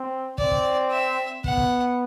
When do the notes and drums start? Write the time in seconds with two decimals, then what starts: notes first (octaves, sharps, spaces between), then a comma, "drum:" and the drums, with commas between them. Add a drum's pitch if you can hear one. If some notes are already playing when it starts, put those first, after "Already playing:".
Already playing: C4
0.38 C4 D5, drum: kick
0.51 drum: kick
0.91 E5
1.44 B3 F#5, drum: kick
1.57 drum: kick